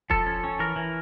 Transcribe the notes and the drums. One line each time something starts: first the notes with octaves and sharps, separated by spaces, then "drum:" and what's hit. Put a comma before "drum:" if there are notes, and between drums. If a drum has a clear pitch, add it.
F3 A4, drum: kick E1
C#4
C#4
E3 A#4
E3